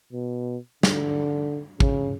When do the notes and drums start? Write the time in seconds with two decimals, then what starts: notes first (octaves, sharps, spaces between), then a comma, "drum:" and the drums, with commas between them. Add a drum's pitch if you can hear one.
0.13 B2
0.83 D3, drum: snare
1.80 C#3, drum: kick